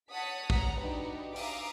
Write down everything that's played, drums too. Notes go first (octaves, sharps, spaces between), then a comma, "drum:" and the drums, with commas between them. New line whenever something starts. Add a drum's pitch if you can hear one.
C#5 F#5 A5 D#6 B6
F#5 A#5, drum: kick
D4 D#4 F#4 G4 B4
E5 F5 A#5 D6 D#6, drum: open hi-hat